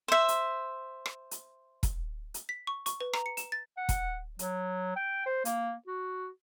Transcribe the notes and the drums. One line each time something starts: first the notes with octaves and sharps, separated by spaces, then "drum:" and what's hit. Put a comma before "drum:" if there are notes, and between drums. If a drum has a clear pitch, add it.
C5 E5
drum: hi-hat
drum: rim click
drum: hi-hat
drum: kick E1, hi-hat
drum: hi-hat
B6
C#6
C#6, drum: hi-hat
B4
A#5, drum: rim click
C#7
E7, drum: hi-hat
A6
F#5
drum: kick E1, hi-hat
F#3, drum: hi-hat
G5
C5
A#3, drum: hi-hat
F#4